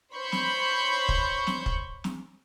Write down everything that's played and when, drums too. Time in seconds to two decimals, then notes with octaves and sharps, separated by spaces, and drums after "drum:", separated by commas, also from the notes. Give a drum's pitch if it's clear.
0.13 C5 C#5 B5 C#6 G6
0.32 drum: snare
1.09 drum: kick
1.47 drum: snare
1.66 drum: kick
2.04 drum: snare